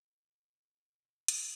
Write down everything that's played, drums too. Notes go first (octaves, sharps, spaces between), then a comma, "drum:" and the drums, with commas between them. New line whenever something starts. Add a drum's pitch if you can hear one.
B2
C#3
B2
drum: hi-hat